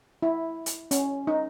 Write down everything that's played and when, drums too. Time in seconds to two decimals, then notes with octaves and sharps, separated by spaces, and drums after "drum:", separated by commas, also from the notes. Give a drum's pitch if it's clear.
0.23 E4
0.66 drum: hi-hat
0.91 C#4, drum: hi-hat
1.27 D#4